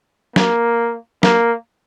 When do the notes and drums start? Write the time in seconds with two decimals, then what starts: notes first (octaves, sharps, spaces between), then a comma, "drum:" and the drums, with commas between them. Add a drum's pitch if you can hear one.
0.36 A#3, drum: snare
1.23 A#3, drum: snare